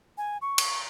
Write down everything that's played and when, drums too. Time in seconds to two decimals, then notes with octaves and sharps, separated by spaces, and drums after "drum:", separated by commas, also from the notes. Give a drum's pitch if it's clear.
0.18 G#5
0.42 C#6
0.58 drum: cymbal